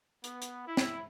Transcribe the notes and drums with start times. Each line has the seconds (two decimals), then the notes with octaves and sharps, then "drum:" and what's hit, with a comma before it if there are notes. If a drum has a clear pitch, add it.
0.24 B3, drum: hi-hat
0.42 drum: hi-hat
0.67 E4
0.77 drum: snare